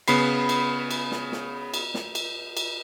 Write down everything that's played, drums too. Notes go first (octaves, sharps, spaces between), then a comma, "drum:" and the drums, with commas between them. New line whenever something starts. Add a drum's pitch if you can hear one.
C#3 B3 B5 C7, drum: cymbal
drum: cymbal
drum: cymbal
drum: snare
drum: snare
drum: cymbal
drum: snare
drum: cymbal
drum: cymbal